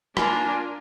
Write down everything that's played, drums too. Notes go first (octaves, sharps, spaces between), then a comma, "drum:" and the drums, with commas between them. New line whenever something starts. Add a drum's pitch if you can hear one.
A#3 D4 F4 G#5, drum: rim click